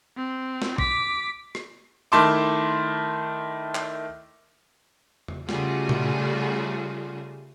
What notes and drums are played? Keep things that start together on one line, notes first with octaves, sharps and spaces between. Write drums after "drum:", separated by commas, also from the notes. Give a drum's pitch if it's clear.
C4
drum: snare
D6 B6, drum: kick
drum: rim click
D#3 A3 E4 A5 C6 D6
drum: clap
drum: tom E2
C#3 G3 A3 F4 F#4 G#4, drum: snare
drum: tom A#2